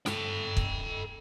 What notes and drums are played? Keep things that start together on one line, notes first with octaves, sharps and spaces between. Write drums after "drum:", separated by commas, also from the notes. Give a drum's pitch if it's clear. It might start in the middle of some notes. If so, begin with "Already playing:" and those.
A4 G5, drum: snare
drum: kick